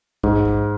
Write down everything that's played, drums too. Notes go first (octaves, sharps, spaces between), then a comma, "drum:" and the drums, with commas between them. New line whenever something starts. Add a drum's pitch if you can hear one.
G#2, drum: kick
drum: kick